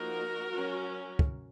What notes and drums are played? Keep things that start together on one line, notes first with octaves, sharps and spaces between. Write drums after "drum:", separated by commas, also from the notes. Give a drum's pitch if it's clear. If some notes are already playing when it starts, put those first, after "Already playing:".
Already playing: F3 A#3 D#4 F#4 A#4
F#3 C#4
drum: kick